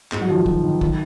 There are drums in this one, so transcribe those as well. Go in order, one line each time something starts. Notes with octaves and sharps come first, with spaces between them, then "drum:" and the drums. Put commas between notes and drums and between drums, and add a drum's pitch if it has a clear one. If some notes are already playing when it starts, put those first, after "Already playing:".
G#2 G#3, drum: clap
F#3
D#3 F3
F#3
D#3, drum: kick
D#3
D#3, drum: kick